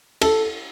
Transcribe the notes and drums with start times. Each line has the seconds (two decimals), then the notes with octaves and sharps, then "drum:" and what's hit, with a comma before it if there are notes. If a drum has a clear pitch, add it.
0.21 A4, drum: cymbal